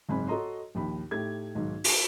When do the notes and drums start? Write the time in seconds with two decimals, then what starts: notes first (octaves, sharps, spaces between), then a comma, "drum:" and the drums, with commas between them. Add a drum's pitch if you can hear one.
0.09 F#1 G#2 C4 G#5 B5
0.27 F#4 A4 C#5 D#5 A#5 C6
0.75 A#1 D#2 B5
1.11 A2 D#4 G4 A4 G#6
1.55 B1 G#2 D#3
1.84 F#4 G#5 C7, drum: open hi-hat